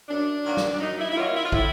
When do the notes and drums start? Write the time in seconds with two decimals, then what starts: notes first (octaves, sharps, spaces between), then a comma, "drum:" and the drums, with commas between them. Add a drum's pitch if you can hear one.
0.09 F#2 D4
0.45 D#3 F#3 A#3
0.57 drum: snare
0.81 F#2 D#4
0.99 E4
1.11 E4
1.16 D#3 F#3 A#3 F4
1.35 E4
1.45 F4
1.52 A2 E4, drum: kick